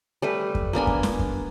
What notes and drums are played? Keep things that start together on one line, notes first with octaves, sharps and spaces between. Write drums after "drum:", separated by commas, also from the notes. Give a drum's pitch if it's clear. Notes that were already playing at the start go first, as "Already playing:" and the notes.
G3 A3 B4
drum: kick F2
A#3 B3 D4 G#5
drum: kick F2
drum: snare
drum: kick F2